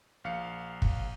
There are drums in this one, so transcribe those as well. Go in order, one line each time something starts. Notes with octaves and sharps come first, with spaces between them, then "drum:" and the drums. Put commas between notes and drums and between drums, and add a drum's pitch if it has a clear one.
A#1 F5 C#7
drum: kick